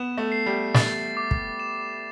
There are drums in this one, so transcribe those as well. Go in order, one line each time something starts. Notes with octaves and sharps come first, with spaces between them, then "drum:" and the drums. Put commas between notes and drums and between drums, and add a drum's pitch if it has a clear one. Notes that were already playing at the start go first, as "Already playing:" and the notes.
Already playing: B3 E7
A3
C7
G3
A6, drum: snare
D6
drum: kick
E7